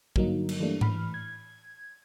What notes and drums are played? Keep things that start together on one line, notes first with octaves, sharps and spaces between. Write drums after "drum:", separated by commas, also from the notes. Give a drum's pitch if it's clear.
G2 D3 F#3 A#3 D#4, drum: kick
drum: cymbal
E3 G3 A3 A#3 D4
A2 E3 B5 F6, drum: tom G#2
G#6